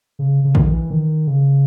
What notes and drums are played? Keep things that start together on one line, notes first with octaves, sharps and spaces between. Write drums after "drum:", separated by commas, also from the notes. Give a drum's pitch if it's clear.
C#3
C#3
D#3, drum: kick
E3
D#3
C#3